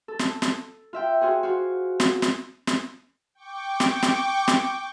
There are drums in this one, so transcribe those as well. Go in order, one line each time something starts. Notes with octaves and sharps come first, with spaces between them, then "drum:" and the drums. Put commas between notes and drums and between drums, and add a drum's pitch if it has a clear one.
A4
drum: snare
drum: snare
F4 E5 G5
F4 F#4 G#4 C5
F4 F#4
drum: snare
drum: snare
drum: snare
G5 C#6 D6
drum: snare
drum: snare
drum: snare